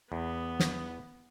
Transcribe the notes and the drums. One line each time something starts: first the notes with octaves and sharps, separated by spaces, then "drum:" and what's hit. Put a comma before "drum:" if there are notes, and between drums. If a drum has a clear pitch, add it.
E2 B3
drum: snare